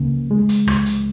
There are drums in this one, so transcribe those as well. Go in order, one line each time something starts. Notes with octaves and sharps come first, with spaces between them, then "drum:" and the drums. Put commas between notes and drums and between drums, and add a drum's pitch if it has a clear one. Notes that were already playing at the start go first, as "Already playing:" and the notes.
Already playing: C#2 C#3 A#3
G#3
drum: hi-hat
C#2, drum: rim click
drum: hi-hat